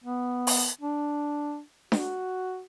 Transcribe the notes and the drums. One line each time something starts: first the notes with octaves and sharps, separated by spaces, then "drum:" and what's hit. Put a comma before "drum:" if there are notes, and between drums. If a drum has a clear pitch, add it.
B3
drum: open hi-hat
D4
F#4, drum: snare D4